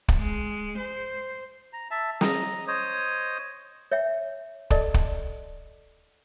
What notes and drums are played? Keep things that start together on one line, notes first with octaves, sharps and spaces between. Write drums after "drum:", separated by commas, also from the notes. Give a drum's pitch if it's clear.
drum: kick
G#3
C5
A#5
E5 A5
D#5 A#5, drum: snare
C5 C#5 D#5 D#6
C#5 E5 G5
A4 D5 D#5 A5, drum: kick
drum: kick